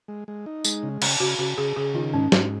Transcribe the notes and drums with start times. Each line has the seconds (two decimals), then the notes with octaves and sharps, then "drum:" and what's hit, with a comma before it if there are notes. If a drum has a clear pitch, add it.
0.08 G#3
0.28 G#3
0.46 D#4
0.64 G#3, drum: tambourine
0.83 C#3
1.02 C#3, drum: cymbal
1.20 C#3 F#4
1.39 C#3 F#4
1.58 C#3 G#4
1.76 C#3 G#4
1.94 D#3 F4
2.13 G#2 C#4
2.32 G#2 F#4, drum: snare